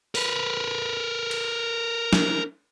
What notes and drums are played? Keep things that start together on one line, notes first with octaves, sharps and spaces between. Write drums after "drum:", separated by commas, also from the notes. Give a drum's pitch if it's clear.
A#4 B4, drum: open hi-hat
drum: cymbal
drum: snare